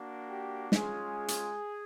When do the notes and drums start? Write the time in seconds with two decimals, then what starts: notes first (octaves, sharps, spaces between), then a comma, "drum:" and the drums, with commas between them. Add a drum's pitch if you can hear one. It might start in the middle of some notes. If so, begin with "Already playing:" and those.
Already playing: A#3 D4 F#4
0.30 G4
0.72 G#3 C#4 F4 G#4, drum: snare
1.28 drum: hi-hat